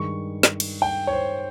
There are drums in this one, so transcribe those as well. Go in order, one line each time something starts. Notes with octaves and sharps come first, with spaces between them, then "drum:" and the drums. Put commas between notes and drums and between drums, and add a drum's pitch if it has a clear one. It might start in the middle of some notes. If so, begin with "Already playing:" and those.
Already playing: G2 D#3 G#3 C#6
drum: snare
drum: cymbal
G5
C#5
C5